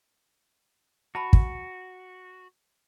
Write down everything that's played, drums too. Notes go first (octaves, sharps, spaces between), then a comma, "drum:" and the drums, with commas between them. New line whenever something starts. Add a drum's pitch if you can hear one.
F#4 A5 B5
drum: kick